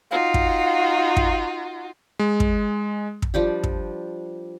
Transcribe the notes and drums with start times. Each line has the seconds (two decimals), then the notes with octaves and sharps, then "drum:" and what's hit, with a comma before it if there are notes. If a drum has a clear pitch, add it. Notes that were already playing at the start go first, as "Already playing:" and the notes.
0.11 D#4 F4 F#4 F5
0.34 drum: kick
1.17 drum: kick
2.19 G#3
2.40 drum: kick
3.22 drum: kick
3.34 F3 G3 D4 G4
3.64 drum: kick